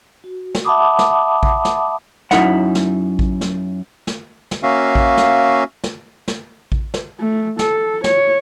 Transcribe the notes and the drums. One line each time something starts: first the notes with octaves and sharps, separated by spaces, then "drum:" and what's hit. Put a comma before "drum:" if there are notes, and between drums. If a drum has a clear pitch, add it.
F#4
drum: snare
E5 F#5 A5 B5 D6 D#6
drum: snare
drum: kick A1
drum: snare
F#2 F3 D#4 E4 F#5, drum: snare
drum: snare
drum: kick A1
drum: snare
drum: snare
drum: snare
A#3 C#4 F#4 E5 F5
drum: kick A1
drum: snare
drum: snare
drum: snare
drum: kick A1
drum: snare
A3
A4, drum: snare
C#5, drum: snare